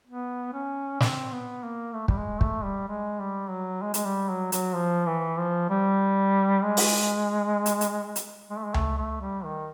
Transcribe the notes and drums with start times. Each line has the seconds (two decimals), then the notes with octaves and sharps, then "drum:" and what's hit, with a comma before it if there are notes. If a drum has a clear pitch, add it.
0.07 B3
0.53 C#4
1.00 C4, drum: snare
1.32 B3
1.63 A#3
1.94 A3
2.08 G3, drum: kick
2.17 G#3
2.41 A3, drum: kick
2.64 G3
2.88 G#3
3.20 G3
3.50 F#3
3.82 G#3
3.94 G#3, drum: hi-hat
4.05 G3
4.29 F#3
4.52 F#3, drum: hi-hat
4.75 F3
5.07 E3
5.38 F3
5.70 G3
6.63 G#3
6.77 drum: open hi-hat
7.66 drum: hi-hat
7.81 drum: hi-hat
8.16 drum: hi-hat
8.50 G#3
8.58 A3
8.65 G#3
8.74 A3, drum: tom C#2
8.97 A3
9.21 G3
9.44 D#3